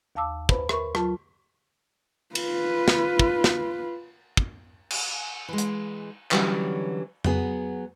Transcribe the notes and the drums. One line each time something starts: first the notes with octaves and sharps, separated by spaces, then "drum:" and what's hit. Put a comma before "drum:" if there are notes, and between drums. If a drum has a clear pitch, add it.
D#2 F5 A5 D6 E6
B4 C5 B5, drum: kick
A#4 E5 B5 C#6, drum: rim click
F#3 F4 A5, drum: rim click
F4 B4, drum: cymbal
drum: snare
drum: kick
drum: snare
drum: kick
drum: cymbal
E3 G#3
drum: hi-hat
D3 E3 F#3 G3 C4 C#4, drum: clap
F#3 B3 G#4, drum: tom F2